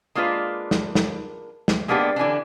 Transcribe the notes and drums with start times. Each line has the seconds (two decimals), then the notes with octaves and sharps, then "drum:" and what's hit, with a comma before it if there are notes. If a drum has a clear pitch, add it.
0.15 G#3 A#3 D4 F4 A#4 B4
0.71 drum: snare
0.95 drum: snare
1.68 drum: snare
1.88 G#3 A#3 B3 D4 G4
2.16 D3 E3 C#4 D4